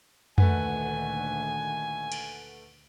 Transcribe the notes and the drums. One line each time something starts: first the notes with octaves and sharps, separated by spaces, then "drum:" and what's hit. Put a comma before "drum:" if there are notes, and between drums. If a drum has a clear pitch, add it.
D2 A#2 D#3 A3 B4 F#5 G#5, drum: tom F2
drum: cymbal